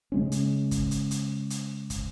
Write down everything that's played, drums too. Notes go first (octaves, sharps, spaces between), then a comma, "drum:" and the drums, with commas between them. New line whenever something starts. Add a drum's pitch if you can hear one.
C#3 G#3 C#4
drum: hi-hat
drum: kick, hi-hat
drum: hi-hat
drum: hi-hat
drum: hi-hat
drum: kick, hi-hat